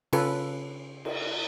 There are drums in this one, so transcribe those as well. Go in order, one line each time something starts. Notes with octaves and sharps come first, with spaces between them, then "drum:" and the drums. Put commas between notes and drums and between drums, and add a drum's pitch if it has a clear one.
C#3 C#4 F4 A4 B4, drum: cymbal
drum: cymbal